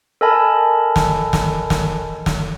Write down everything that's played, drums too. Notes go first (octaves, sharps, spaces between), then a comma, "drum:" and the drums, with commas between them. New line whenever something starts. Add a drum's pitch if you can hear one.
A4 A#4 D#5 G#5 A5 B5
drum: snare
drum: snare
drum: snare
drum: snare